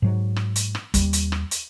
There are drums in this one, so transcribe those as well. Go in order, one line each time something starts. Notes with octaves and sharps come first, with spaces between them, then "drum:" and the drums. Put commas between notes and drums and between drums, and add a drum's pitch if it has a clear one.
G#2 F#3
drum: rim click
drum: hi-hat
drum: rim click
D#2 G3, drum: kick, hi-hat
drum: hi-hat
drum: rim click
drum: hi-hat